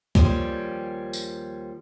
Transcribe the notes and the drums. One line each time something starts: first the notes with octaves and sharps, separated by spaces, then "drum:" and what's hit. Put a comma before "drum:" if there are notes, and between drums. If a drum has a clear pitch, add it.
D#2 F3 G3 C#4 G5, drum: kick C2
drum: tambourine